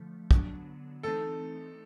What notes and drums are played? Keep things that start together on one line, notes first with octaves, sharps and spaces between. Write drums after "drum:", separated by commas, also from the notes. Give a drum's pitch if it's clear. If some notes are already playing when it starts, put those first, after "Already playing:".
Already playing: D3 F3 A3
D3 F#3 B3 D4, drum: kick
E3 A3 C4 D#4 A4